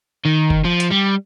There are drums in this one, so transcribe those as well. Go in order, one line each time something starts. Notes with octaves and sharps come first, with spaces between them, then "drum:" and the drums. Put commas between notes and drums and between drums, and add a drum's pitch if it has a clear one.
D#3
drum: kick
F3
drum: hi-hat
G3